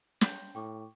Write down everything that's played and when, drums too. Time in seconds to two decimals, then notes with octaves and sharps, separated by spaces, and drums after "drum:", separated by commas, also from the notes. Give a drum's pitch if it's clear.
0.21 G5 C6 G6, drum: snare
0.55 A2 G5 C#6 D6